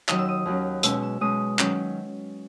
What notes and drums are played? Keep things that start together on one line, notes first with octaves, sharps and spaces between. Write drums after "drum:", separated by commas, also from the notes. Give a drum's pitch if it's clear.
D#2 D#3 F#3 C#4 D#6, drum: clap
E6
D#6
D#2 D#3 F#3 C#4
B2 G#3 C#4 E6, drum: hi-hat
E6
B2 G#3 C#4 D#6
D#3 F#3 C#4, drum: clap